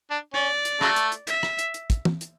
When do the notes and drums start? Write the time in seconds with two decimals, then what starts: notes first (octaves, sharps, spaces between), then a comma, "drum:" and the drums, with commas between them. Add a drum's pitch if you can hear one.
0.11 D4
0.34 C#4 D5
0.65 drum: hi-hat
0.81 C#3 F#3 A3, drum: rim click
0.96 drum: hi-hat
1.12 drum: hi-hat
1.27 E5, drum: hi-hat
1.43 drum: rim click
1.59 drum: hi-hat
1.74 drum: hi-hat
1.90 drum: kick, hi-hat
2.05 drum: tom
2.21 drum: hi-hat